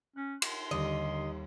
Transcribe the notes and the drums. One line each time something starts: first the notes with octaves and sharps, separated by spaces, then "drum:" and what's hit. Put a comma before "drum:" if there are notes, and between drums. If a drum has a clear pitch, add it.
C#4 F#6
C6, drum: cymbal
D#2 D3 G3 A#3 D#5